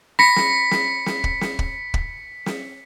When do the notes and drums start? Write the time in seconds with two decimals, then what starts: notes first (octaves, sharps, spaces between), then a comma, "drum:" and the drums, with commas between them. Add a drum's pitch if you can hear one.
0.19 B5 A#6 B6 C#7
0.36 drum: snare
0.71 drum: snare
1.06 drum: snare
1.24 drum: kick
1.41 drum: snare
1.59 drum: kick
1.94 drum: kick
2.46 drum: snare